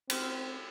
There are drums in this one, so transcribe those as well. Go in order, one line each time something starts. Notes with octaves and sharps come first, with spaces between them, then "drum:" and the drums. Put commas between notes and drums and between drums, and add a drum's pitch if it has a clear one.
C4, drum: cymbal